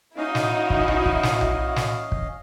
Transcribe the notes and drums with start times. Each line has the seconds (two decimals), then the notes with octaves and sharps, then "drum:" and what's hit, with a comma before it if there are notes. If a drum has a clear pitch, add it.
0.17 C#4 D#4 E4 F#4 D#5 F5
0.35 drum: snare
0.70 drum: kick
0.88 drum: tom B1
1.06 drum: kick
1.23 drum: snare
1.41 drum: tom B1
1.76 drum: snare
2.12 drum: kick